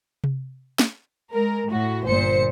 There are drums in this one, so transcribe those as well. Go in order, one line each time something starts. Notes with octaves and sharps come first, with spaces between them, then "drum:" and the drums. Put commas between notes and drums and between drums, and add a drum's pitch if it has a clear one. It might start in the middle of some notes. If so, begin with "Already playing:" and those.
drum: tom C3
drum: snare
G#3 A#4
A2 F#4
G1 A#2 C5 C#7